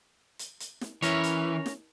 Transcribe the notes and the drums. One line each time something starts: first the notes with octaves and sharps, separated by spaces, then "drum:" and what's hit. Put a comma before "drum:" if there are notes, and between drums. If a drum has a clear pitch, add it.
drum: hi-hat
drum: hi-hat
drum: snare
E3 C#4 A#4 C#5, drum: hi-hat
drum: hi-hat
drum: snare